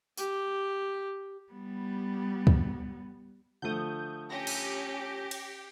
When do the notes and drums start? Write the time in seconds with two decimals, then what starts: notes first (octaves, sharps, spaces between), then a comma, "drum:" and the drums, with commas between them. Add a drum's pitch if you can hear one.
0.17 G4, drum: tambourine
1.53 G3 B3
2.47 drum: kick
3.62 D3 F3 A3 D#6 G6
4.30 C#4 G4 A#6
4.47 drum: cymbal
5.31 drum: cymbal